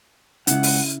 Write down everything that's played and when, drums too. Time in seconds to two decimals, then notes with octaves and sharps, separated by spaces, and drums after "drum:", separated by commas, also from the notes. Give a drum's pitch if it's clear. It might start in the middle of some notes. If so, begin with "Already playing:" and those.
0.47 C#2 G2 C#3 E4 F#5, drum: hi-hat
0.63 drum: open hi-hat